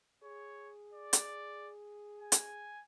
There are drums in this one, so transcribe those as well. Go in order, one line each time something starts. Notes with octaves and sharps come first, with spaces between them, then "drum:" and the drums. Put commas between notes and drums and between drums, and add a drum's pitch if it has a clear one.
G#4 C#5
D5
drum: hi-hat
G#5
drum: hi-hat